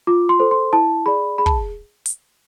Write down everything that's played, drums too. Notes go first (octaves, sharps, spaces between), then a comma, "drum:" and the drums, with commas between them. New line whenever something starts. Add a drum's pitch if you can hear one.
F4 D6
C6
A4 C5
C6
E4 A5
G#4 D5 B5
G#4 B5
A5, drum: kick
drum: hi-hat